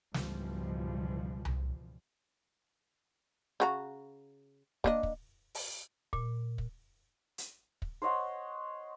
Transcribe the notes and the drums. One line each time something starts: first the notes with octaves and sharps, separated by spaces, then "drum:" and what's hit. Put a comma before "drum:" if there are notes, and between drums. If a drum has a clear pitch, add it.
C#2 G#2 B2 E3 F3 G3, drum: snare
drum: tom C2
C#3 F#4 A#5
A#3 D4 D#5, drum: kick
drum: kick
drum: open hi-hat
A#2, drum: kick
drum: kick
drum: hi-hat
drum: kick
C5 C#5 D#5 F#5